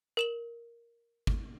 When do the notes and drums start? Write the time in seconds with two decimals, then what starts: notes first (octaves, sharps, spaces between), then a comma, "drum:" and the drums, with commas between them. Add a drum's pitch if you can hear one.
0.17 A#4 E7 F#7
1.27 drum: kick